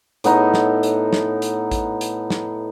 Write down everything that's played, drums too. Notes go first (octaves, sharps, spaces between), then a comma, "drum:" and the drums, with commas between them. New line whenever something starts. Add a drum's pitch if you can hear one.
A2 B3 D#4, drum: hi-hat
drum: snare
drum: hi-hat
drum: snare
drum: hi-hat
drum: kick A1, hi-hat
drum: hi-hat
drum: snare